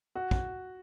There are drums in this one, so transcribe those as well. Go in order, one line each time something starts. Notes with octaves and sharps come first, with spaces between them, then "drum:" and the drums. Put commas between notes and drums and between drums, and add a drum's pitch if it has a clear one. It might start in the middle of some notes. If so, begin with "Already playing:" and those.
F#4
drum: kick